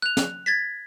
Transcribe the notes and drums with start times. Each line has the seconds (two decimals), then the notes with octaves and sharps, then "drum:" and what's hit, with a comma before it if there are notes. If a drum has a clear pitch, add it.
0.02 F#6 F7
0.17 drum: snare
0.46 G#6 A6 B6